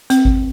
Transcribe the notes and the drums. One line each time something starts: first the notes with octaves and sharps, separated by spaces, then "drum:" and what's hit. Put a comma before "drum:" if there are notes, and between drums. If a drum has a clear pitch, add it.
C4, drum: hi-hat
drum: kick G#1